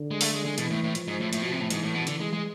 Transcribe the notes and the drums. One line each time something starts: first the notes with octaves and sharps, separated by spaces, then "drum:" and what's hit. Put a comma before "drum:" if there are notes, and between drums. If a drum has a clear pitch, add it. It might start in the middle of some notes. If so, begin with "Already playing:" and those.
Already playing: D3
G#3
A3, drum: open hi-hat
G#3
G#3
B2 E3, drum: hi-hat
A2
A2
F3, drum: hi-hat
G#2
A2
A2, drum: hi-hat
B2
C3
A2
G#2 E3, drum: hi-hat
A2
B2
D3 E3, drum: hi-hat
G#3
G#3